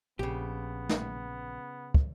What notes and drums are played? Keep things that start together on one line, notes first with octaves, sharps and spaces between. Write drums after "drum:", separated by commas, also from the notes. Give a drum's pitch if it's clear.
A#1 C#3 B3 G4
drum: snare
drum: kick